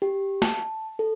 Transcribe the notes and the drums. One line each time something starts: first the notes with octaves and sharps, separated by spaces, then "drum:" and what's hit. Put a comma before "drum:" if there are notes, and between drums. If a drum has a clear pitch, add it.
G4
A5, drum: snare
A4